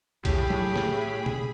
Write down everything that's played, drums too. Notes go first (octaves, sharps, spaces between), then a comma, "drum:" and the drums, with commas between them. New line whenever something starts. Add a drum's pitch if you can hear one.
A2 G4 G#4 B5, drum: kick, cymbal
drum: tom
drum: snare
drum: tom